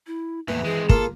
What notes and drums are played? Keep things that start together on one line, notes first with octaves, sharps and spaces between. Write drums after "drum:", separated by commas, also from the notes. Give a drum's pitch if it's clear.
E4
E2 A2 E3 A#3
G#3 C4 G#4
A#3 F4 A4, drum: kick